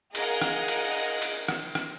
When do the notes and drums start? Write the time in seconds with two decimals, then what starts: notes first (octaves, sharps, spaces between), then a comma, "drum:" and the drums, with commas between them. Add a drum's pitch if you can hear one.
0.15 G#4 A#4 D#5 F5 F#5 G#5, drum: cymbal
0.42 drum: rim click
0.68 drum: cymbal
1.22 drum: cymbal
1.48 drum: rim click
1.75 drum: rim click